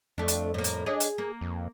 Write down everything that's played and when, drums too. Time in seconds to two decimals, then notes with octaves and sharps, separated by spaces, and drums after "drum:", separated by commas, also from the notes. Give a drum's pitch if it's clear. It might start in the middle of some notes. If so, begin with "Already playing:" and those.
0.18 F2 A3 D4
0.28 drum: hi-hat
0.54 A2 A#3
0.64 drum: hi-hat
0.86 D4 G#4 C#5 D#5
1.00 drum: hi-hat
1.18 A#3
1.41 F2